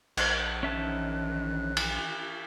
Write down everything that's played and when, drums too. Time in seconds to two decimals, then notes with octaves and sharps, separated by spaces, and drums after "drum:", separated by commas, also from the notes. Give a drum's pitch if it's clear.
0.17 A#1, drum: cymbal
0.63 D#3 E3 C#4 E5 A5 F#6
1.77 drum: cymbal